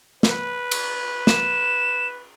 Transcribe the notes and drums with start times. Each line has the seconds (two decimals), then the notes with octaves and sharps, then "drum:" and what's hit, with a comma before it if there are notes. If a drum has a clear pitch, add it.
0.23 B4, drum: snare
0.71 drum: cymbal
1.27 E7, drum: snare